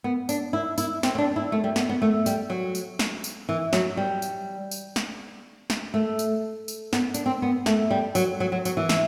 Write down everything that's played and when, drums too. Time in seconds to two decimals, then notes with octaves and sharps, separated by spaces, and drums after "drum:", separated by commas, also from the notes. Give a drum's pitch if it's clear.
0.04 B3
0.29 D4, drum: tambourine
0.53 E4
0.78 E4, drum: tambourine
1.03 C4, drum: snare
1.15 C4
1.18 D4
1.36 E4
1.52 A3
1.64 G3
1.76 B3, drum: snare
1.89 B3
2.02 A3
2.26 G3, drum: tambourine
2.50 F#3
2.75 drum: tambourine
2.99 drum: snare
3.24 drum: tambourine
3.49 E3
3.73 F#3, drum: snare
3.97 G3
4.22 drum: tambourine
4.71 drum: tambourine
4.96 drum: snare
5.70 drum: snare
5.94 A3
6.19 drum: tambourine
6.68 drum: tambourine
6.93 B3, drum: snare
7.14 D4, drum: tambourine
7.26 C4
7.42 B3
7.66 A3, drum: snare
7.91 G3
8.15 F#3, drum: tambourine
8.40 F#3
8.52 F#3
8.65 F#3, drum: tambourine
8.77 E3
8.89 drum: snare